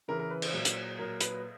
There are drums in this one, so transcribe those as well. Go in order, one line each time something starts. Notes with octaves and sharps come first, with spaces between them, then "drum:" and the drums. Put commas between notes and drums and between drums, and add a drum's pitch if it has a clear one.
C#3 E3 A#4
A#4
B4
C5, drum: cymbal
A#2 F#3
drum: hi-hat
A#2 F#3 A#4
B4, drum: hi-hat